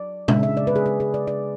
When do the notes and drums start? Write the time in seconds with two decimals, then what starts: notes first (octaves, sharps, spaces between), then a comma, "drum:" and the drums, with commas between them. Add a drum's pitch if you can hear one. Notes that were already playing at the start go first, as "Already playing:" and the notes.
Already playing: F#3 D5
0.28 C#3 G#3 D4 E5, drum: tom
0.43 E5
0.57 D5
0.67 B4
0.76 G#4
0.86 G#4
1.00 G#4
1.14 D5
1.27 D5